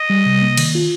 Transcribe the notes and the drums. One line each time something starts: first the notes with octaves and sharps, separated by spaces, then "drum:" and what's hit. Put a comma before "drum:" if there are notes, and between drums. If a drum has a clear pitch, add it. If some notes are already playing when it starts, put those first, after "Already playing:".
Already playing: D#5
G3
C3
A#3
D#3, drum: cymbal
F4